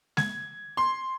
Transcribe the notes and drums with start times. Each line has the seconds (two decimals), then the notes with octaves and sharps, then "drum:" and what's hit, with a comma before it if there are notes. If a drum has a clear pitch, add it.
0.17 G#6, drum: snare G#3
0.77 C6